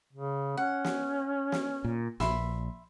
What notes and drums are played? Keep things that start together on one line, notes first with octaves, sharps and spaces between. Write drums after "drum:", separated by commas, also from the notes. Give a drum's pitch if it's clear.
C#3
C#4 F#5
drum: snare
drum: snare
A#2
A#1 E5 B5 C6, drum: snare